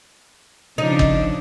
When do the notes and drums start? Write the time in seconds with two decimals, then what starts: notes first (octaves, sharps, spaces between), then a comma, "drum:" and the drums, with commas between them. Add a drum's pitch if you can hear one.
0.78 C#3 F3 D4 D#4
0.99 drum: kick G1